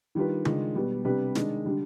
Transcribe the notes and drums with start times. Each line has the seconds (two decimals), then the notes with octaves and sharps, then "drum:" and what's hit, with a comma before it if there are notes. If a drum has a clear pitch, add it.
0.15 D#3 G3 D4 F4 B4
0.45 D#3 G#3 D4 F4, drum: tom C#3
0.75 B2 G3 B3
1.05 C3 G3 D4 G4 B4
1.35 D#3 G#3 D4, drum: snare
1.65 D3 G3 D4